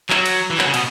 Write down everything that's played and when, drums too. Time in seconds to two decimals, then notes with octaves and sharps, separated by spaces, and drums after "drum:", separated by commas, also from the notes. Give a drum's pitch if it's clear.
0.10 F#3, drum: clap
0.26 drum: cymbal
0.50 E3
0.58 F#3, drum: clap
0.66 C#3
0.74 B2, drum: cymbal